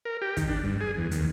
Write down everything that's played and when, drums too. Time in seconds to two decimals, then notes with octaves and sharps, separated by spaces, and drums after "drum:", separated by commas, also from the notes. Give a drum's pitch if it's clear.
0.05 A#4
0.22 G4
0.37 D#3, drum: kick, hi-hat
0.49 D4
0.64 G2
0.81 G#4
0.97 E2
1.11 D#2, drum: hi-hat